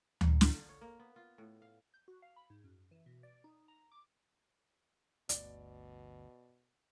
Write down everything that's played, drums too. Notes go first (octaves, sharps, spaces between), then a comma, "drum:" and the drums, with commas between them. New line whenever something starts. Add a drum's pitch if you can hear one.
D#4, drum: tom D2
F4, drum: snare
D3
C#5
A#3
B3
F4
A2
F5
G6
F#4
F5
B5
G#2
F#2
E3
B2
D5
D#4
A#5
D6
G1 D2 B2 D5, drum: hi-hat